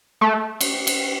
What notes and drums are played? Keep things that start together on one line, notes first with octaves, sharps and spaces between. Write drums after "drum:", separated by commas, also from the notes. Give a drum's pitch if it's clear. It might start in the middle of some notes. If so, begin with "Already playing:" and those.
A3
drum: cymbal
drum: cymbal